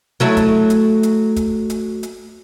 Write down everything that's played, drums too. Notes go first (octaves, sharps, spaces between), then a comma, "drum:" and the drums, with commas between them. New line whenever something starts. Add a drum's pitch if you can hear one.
F#3 A3 E4
drum: kick, hi-hat
drum: hi-hat
drum: hi-hat
drum: kick, hi-hat
drum: hi-hat
drum: hi-hat